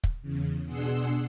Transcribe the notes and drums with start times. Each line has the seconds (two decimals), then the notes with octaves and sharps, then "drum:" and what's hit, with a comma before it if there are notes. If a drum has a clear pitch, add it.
0.04 drum: kick
0.22 E2 C#3
0.65 B2 D4 G#4 F#5 C6 E6